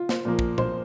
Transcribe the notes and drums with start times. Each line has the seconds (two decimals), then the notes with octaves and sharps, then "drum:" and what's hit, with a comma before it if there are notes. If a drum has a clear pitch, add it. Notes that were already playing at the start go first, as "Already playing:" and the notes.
Already playing: F4
0.09 C5, drum: snare
0.25 A#2 F3 A#3
0.39 drum: kick
0.58 C5, drum: tom A#2